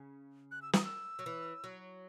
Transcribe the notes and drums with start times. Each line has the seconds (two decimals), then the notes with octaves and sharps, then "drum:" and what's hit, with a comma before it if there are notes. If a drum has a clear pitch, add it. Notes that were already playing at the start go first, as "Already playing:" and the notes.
Already playing: C#3
0.51 F#6
0.62 E6
0.73 D#6, drum: snare
0.84 E6
1.19 F#3
1.26 E3
1.64 F#3